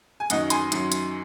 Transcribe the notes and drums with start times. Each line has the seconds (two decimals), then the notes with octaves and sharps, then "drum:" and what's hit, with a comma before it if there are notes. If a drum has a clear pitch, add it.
0.20 G#5
0.30 F#2 D#3 F#3 D#5 F#5, drum: hi-hat
0.50 G#5 C6, drum: hi-hat
0.72 F#2 D#3 F#3, drum: hi-hat
0.92 drum: hi-hat